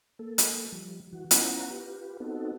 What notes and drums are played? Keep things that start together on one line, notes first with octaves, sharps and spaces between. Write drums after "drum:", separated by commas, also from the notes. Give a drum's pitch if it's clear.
A#3 A4
drum: hi-hat
F3 G3
E3 F#4
B3 C#4 E4 F4 F#5 A#5, drum: hi-hat
F4 G4 B4
B3 C4 D#4 F#4 A4